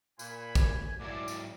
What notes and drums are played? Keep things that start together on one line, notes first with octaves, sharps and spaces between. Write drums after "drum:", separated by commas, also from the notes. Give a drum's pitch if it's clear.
A#2 G#5 B5, drum: tambourine
drum: kick, tambourine
G#2 F#3 E4 D5
drum: tambourine